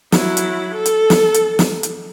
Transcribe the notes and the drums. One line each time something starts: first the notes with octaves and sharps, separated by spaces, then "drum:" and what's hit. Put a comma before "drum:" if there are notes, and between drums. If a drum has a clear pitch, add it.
F#3 E4, drum: snare
drum: hi-hat
A4
drum: hi-hat
drum: snare
drum: hi-hat
drum: snare
drum: hi-hat